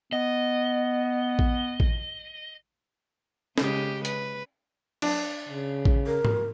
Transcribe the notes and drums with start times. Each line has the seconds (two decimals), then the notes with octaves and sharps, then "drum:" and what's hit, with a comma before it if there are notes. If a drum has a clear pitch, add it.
0.13 B3 D#5
1.39 drum: kick A1
1.80 drum: kick A1
3.58 C#3 G#3 G4, drum: snare
4.05 B4, drum: hi-hat
5.02 D4, drum: cymbal
5.49 C#3
5.85 drum: kick A1
6.06 A#4
6.25 drum: tom G#2